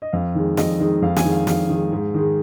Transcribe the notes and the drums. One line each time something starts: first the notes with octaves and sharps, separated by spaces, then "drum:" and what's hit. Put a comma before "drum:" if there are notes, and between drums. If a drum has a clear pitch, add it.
D#5
F2 F5
D#3 G#3
F2 D#5, drum: snare
D#3 G#3
F2 F5
G#5, drum: snare
D#3 G#3
F5
F2 F5, drum: snare
D#3 G#3
G#2
D#3 G#3